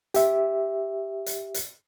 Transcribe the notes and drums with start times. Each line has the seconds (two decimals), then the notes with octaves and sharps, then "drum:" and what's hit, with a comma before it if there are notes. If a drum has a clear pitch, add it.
0.14 G4 E5, drum: hi-hat
1.26 drum: hi-hat
1.54 drum: hi-hat